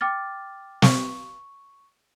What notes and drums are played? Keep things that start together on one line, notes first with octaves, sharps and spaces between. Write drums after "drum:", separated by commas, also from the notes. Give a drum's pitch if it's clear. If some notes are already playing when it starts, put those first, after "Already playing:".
G5 D6 F6 A6
C#6, drum: snare